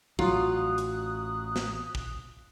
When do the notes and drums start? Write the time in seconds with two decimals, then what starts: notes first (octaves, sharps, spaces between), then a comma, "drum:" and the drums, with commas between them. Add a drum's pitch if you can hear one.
0.19 A1 F#3 F4 D#6 F#6, drum: kick
0.78 drum: hi-hat
1.56 drum: snare
1.95 drum: kick